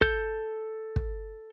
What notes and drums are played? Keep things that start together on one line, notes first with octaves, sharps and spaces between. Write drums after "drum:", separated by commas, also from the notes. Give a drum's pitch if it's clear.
A4 G6, drum: kick
drum: kick